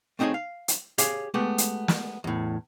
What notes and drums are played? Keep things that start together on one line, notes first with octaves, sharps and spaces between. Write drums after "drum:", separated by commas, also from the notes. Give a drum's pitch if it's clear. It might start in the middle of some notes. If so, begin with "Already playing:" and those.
A3 C4 D#4 G4 G#4 C#5
F5
drum: hi-hat
G4 G#4 C#5 F5, drum: hi-hat
G#3 A3 B3 G4
drum: hi-hat
drum: snare
E2 A2